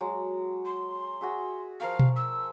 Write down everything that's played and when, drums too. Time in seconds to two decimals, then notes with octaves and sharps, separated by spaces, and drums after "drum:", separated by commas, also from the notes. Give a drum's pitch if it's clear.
0.01 F#3 G#3
0.65 C6
1.21 F#4 G#4 E5
1.80 F3 A#4 F5 C#6
1.99 drum: tom B2
2.16 E6